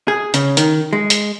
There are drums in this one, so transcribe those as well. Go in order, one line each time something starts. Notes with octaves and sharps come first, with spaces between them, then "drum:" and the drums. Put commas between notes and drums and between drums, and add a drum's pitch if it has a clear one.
G#4
C#3, drum: hi-hat
D#3, drum: hi-hat
G#3
drum: hi-hat